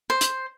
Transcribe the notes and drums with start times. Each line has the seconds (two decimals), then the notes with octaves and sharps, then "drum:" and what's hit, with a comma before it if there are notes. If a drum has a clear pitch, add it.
0.10 C5
0.21 drum: hi-hat